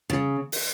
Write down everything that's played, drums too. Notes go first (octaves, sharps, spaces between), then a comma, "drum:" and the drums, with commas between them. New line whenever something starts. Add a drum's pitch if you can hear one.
C#3
drum: open hi-hat